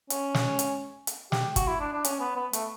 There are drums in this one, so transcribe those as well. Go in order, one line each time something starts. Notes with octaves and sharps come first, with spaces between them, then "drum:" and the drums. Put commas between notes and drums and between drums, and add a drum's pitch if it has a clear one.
C#4, drum: hi-hat
drum: snare
drum: hi-hat
drum: hi-hat
G4, drum: snare
F#4, drum: kick, hi-hat
E4
D4
D4
C#4, drum: hi-hat
B3
B3
A3, drum: hi-hat